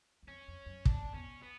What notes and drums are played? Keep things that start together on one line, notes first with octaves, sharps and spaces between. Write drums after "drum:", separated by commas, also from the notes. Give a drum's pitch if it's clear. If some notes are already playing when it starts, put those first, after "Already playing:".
E2
F2 C#4
F2
F#2
E2 D4, drum: kick
E2 C#4
B3